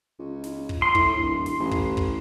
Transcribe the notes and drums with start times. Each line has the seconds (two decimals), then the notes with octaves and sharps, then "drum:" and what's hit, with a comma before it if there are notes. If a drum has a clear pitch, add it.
0.19 C#2
0.44 drum: snare
0.69 drum: kick
0.82 C6
0.95 A2, drum: kick
1.17 D1
1.46 drum: snare
1.59 A1
1.71 drum: kick
1.97 drum: kick